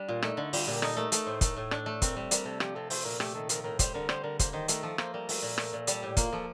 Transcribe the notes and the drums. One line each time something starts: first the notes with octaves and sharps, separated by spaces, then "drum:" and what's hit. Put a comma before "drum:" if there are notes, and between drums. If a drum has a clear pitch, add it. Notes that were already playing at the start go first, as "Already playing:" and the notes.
Already playing: G3 D4
A#2 F4
A3 D#4, drum: rim click
D3
G3 F4, drum: open hi-hat
A#2 G4
A#4
D#4 A4, drum: rim click
A3 A#4
A3 A#4, drum: hi-hat
A2 C5
A3 A#4, drum: kick, hi-hat
A2
D4, drum: rim click
A3
C4 A#4, drum: kick, hi-hat
G3
G3 A#4, drum: hi-hat
C3 A4
F3 G4, drum: rim click
C3 A4
A3 C5, drum: open hi-hat
A#2 A#4
A3 G4, drum: rim click
D#3 A4
F3 A#4, drum: hi-hat
A2 A#4
G3 C5, drum: kick, hi-hat
D3 A#4
G3 C5, drum: rim click
D3 A#4
A#3 C5, drum: kick, hi-hat
D#3 C5
A3 A#4, drum: hi-hat
F3 A4
A#3 C5, drum: rim click
G3 A#4
A3, drum: open hi-hat
A#2
A3, drum: rim click
A#2
G3 A4, drum: hi-hat
A2 G4
A#3 F4, drum: kick, hi-hat
F3 A4